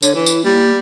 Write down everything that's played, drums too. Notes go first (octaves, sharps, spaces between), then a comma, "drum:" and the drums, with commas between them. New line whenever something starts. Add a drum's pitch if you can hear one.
D3 C#5, drum: tambourine
E3 E4
drum: tambourine
G3 A#3